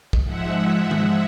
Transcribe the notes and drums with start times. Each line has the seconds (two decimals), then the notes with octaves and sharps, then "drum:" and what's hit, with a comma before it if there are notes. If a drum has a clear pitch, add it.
0.13 drum: kick
0.25 G#2 F3 G#3 E5 F#5
0.63 E5 F#5
0.91 drum: tom D#3